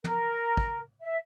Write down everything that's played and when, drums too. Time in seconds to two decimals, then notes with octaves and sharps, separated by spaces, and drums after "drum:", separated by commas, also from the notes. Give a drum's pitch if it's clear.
0.04 A#4, drum: tom
0.57 drum: kick
1.00 E5